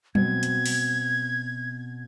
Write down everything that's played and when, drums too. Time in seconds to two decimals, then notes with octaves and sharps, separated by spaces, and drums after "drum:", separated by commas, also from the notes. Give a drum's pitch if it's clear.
0.15 B2 C4 G#6, drum: tom F#3
0.43 drum: hi-hat
0.66 drum: open hi-hat